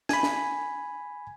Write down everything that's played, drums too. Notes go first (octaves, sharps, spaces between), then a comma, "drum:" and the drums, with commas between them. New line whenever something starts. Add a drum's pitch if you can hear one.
G#5 B5, drum: snare
drum: snare